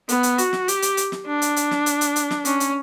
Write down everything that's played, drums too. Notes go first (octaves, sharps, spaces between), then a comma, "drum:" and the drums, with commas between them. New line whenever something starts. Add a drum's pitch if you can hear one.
B3, drum: hi-hat
drum: hi-hat
F#4, drum: hi-hat
drum: snare
G4, drum: hi-hat
drum: hi-hat
drum: hi-hat
drum: snare
D4
drum: hi-hat
drum: hi-hat
drum: snare
drum: hi-hat
drum: hi-hat
drum: hi-hat
drum: snare
C#4, drum: hi-hat
drum: hi-hat